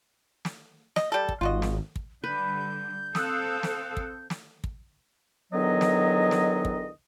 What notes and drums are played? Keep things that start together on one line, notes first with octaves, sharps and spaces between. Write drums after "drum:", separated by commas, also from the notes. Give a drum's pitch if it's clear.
drum: snare
D#5, drum: snare
G3 A4
drum: kick
G#1 F4 F#4 D#5
drum: snare
drum: kick
D3 G3 B4 G6
C4 A4 F5 D#6 E6 F#6, drum: snare
drum: snare
drum: kick
drum: snare
drum: kick
E2 D3 D#3 F#3 B3 D#5
drum: snare
drum: snare
drum: kick